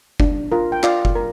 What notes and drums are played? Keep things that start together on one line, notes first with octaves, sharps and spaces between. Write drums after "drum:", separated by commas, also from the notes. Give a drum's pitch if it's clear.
D4, drum: kick F#1
F4 A#4
G5
F4 D5 F5, drum: clap
drum: kick F#1
A#4